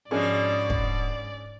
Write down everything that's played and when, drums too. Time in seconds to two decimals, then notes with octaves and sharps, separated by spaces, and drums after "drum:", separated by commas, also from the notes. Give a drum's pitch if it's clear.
0.11 G#2 B2 F3 C#4 D4 G#4 D5
0.70 drum: kick